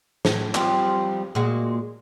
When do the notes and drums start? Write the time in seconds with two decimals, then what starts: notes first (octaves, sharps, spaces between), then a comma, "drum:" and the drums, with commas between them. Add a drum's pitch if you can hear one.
0.25 A2, drum: snare
0.55 F3 G3 C4, drum: clap
1.35 A#2 G#3 F#4